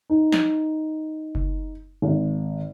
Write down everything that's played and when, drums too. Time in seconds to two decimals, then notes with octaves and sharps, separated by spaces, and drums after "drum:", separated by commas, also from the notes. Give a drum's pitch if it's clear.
0.10 D#4
0.32 drum: snare
1.35 drum: kick F#1
2.02 G#1